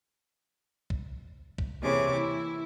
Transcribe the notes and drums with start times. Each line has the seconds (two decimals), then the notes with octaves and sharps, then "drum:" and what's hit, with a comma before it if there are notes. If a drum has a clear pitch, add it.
0.90 drum: kick C2
1.58 drum: kick C2
1.81 C3 E3 A#3 G#4 C#5 D6
2.12 E4